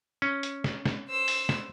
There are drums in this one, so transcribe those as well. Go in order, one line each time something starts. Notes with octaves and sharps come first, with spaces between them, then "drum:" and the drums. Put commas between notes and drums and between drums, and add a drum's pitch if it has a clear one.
C#4
drum: hi-hat
drum: snare
drum: snare
C5 E6
drum: open hi-hat
drum: snare